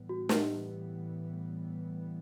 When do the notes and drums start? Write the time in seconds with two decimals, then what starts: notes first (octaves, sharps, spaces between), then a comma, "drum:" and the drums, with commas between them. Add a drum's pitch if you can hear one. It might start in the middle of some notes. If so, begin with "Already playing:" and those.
Already playing: A2 E3 G3 B3
0.09 F#4
0.29 G4, drum: snare